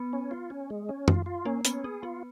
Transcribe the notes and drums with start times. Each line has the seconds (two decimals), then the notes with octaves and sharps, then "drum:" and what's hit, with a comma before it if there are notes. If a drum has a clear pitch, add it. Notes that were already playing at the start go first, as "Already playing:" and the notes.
Already playing: B3
0.13 C#4
0.31 F4
0.50 C#4
0.70 G#3
0.89 C#4
1.08 F4, drum: tom
1.26 F4
1.45 A#3 C#4
1.65 B3 C#4, drum: hi-hat
1.84 B3 G#4
2.02 B3 F4